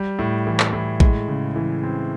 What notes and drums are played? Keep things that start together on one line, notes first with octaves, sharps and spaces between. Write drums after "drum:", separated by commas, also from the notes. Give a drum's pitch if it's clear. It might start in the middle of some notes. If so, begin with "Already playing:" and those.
Already playing: G3
A2
E3
drum: clap
A2
G#3, drum: kick
C#3
E3
C4